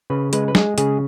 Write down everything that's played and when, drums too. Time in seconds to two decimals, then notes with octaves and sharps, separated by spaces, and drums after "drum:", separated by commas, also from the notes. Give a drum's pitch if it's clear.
0.10 C#3 B4
0.33 G#3 B4, drum: hi-hat
0.48 B4
0.55 G#3 G#4, drum: snare
0.78 C#3 G#4, drum: hi-hat